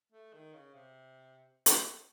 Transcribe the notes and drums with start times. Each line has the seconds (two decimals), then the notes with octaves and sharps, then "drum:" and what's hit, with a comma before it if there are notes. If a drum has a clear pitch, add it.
0.12 A3
0.33 D#3
0.54 C#3
0.74 C3
1.66 drum: hi-hat